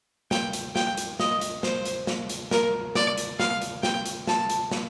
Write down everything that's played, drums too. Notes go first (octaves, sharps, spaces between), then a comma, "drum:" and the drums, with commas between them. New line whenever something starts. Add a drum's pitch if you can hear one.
G5, drum: snare
drum: hi-hat
G5, drum: snare
drum: hi-hat
D#5, drum: snare
drum: hi-hat
C5, drum: snare
drum: hi-hat
drum: snare
drum: hi-hat
A#4, drum: snare
D5, drum: snare
drum: hi-hat
F5, drum: snare
drum: hi-hat
G5, drum: snare
drum: hi-hat
A5, drum: snare
drum: hi-hat
drum: snare